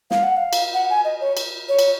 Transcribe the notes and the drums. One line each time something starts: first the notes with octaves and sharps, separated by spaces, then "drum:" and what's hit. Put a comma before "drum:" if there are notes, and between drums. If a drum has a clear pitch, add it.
F5, drum: snare
F#5
F5
drum: cymbal
F#5
G#5
D#5
C#5
drum: cymbal
C#5
drum: cymbal